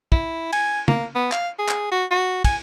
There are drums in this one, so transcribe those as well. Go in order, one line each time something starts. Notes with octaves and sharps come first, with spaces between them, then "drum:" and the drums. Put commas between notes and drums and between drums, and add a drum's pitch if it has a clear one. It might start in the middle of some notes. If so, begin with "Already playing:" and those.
E4, drum: kick
G#5, drum: cymbal
A#3, drum: tom
B3
F5, drum: clap
G#4
drum: clap
F#4
F#4
G#5, drum: kick, cymbal